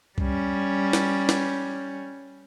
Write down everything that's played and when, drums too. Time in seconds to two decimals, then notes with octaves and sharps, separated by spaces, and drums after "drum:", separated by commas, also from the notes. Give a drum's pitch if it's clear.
0.18 G3 C#4, drum: kick
0.93 drum: snare
1.29 drum: snare